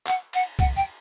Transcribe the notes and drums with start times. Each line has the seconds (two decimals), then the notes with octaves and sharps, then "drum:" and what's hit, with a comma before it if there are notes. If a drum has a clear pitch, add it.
0.06 F#5, drum: clap
0.33 F#5, drum: cymbal
0.59 F#5, drum: kick, cymbal
0.76 G5